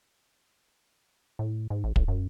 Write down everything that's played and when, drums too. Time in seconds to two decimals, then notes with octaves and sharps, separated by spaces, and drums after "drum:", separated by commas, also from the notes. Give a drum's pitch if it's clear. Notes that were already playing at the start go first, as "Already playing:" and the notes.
1.39 A2
1.70 G#2
1.84 A1
1.96 A#1, drum: kick
2.08 F#2